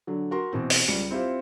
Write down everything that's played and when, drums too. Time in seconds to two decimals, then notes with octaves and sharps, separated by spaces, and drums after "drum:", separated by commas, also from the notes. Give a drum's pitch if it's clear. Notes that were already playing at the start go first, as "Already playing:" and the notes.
0.07 D3 F#3
0.31 F#4 A#4 C6
0.53 B2 E3 C4
0.70 drum: open hi-hat
0.88 C#2 G3 C#7
1.11 C4 E4 F4 G4 C5